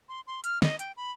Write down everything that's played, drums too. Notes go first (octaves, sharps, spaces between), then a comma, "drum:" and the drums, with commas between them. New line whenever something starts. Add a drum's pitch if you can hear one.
C6
C6
F6, drum: hi-hat
D#5, drum: snare
G5, drum: hi-hat
B5